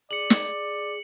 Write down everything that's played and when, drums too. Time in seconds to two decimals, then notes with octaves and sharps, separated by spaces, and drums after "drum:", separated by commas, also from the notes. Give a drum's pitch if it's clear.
0.11 G#4 D5 C#7 F#7
0.30 drum: snare